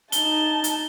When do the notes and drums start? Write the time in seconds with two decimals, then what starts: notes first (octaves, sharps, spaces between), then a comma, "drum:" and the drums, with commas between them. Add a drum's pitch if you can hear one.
0.12 D#4 A5 G7, drum: hi-hat
0.64 drum: hi-hat